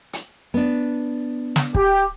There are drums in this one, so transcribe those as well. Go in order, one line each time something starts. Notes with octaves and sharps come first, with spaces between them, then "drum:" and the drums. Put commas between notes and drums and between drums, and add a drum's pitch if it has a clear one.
drum: hi-hat
B3 D4
drum: snare
G4, drum: kick